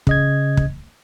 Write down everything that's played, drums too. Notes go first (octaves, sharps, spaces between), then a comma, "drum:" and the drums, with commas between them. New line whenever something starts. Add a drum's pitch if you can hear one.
C#3 D#5 G#6, drum: kick
drum: kick